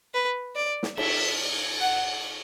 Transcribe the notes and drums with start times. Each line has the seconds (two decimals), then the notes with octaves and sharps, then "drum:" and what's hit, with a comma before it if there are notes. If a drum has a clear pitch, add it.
0.14 B4
0.56 D5
0.83 drum: snare
0.97 E5, drum: cymbal
1.80 F#5